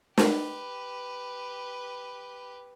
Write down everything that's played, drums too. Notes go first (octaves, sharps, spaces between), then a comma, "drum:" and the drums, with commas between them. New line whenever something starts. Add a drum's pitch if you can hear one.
G4 B4, drum: snare